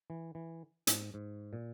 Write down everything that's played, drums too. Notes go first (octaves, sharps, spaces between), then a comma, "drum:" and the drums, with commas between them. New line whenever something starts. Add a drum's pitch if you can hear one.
E3
E3
G#2, drum: hi-hat
G#2
A#2